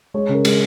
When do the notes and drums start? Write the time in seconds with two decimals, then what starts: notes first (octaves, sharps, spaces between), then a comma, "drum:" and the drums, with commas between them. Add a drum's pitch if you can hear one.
0.14 G#3 C#5
0.29 C#3 A#4
0.45 G#3, drum: cymbal